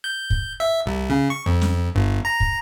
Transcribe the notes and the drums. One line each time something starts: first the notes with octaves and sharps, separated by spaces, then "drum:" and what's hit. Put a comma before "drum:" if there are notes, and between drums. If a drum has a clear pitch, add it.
G6
drum: kick
E5
C2
C#3
C#6
F2
drum: snare
G1
A#5
drum: kick